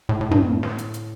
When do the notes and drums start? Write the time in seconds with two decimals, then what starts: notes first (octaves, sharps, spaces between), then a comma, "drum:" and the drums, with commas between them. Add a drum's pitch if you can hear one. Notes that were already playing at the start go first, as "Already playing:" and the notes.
0.09 A2
0.21 A2
0.31 G2, drum: tom
0.42 A2
0.63 drum: snare
0.78 drum: hi-hat
0.94 drum: hi-hat